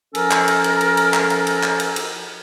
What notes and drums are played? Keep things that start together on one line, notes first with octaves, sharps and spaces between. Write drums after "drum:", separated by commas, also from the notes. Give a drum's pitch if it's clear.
F3 C#4 A4 A#4, drum: cymbal
drum: clap
drum: cymbal
drum: cymbal
drum: cymbal
drum: cymbal
drum: clap
drum: cymbal
drum: cymbal
drum: clap
drum: cymbal
drum: cymbal